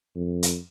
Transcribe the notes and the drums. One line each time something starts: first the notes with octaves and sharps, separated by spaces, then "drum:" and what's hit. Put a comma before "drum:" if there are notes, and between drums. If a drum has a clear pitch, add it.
F2
drum: hi-hat